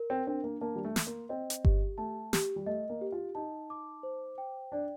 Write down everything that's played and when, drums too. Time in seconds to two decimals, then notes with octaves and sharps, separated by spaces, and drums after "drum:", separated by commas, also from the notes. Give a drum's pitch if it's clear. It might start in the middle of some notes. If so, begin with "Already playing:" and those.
Already playing: A#4
0.10 C4
0.27 C4 D4
0.44 A#3
0.61 A#3 A5
0.76 G3
0.85 A3
0.96 C6, drum: snare
1.07 A#3
1.29 C4 D#5
1.50 drum: hi-hat
1.65 G4, drum: kick G1
1.98 A3 A5
2.33 G4, drum: snare
2.56 G3
2.66 A3 D#5
2.89 A#3
3.01 G4
3.12 F4
3.35 D#4 A5
3.70 D6
4.03 C5
4.38 G5
4.72 D4 D5